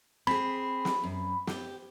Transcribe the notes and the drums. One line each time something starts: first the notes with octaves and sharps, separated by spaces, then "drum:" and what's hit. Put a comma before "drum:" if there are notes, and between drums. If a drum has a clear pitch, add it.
C4 G#4 B5, drum: rim click
drum: snare
F#2
G4, drum: snare